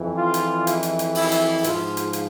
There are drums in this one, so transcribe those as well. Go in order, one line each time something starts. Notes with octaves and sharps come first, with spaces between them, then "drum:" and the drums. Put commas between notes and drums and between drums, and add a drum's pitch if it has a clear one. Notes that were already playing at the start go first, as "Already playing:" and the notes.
Already playing: F2 E3
F4
drum: hi-hat
E4, drum: hi-hat
drum: hi-hat
drum: hi-hat
E4, drum: open hi-hat
drum: hi-hat
G#2 F3 F4, drum: hi-hat
drum: hi-hat
drum: hi-hat